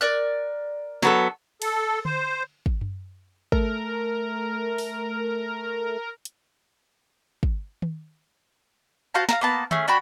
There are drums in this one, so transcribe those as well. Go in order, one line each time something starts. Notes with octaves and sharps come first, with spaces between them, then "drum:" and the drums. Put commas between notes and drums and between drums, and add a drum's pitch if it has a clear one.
A#4 D5 F#6
F#3 B3 A4, drum: snare
A4, drum: cymbal
C5, drum: tom D3
drum: kick
drum: tom F#2
A3 A#4, drum: kick
drum: open hi-hat
drum: hi-hat
drum: kick
drum: tom D#3
F#4 C5 F5 A5
F5 A5 A#5, drum: snare
A#3 B3 A5
A3 C#4 G#4, drum: tom D#3
D4 F#4 G5 B5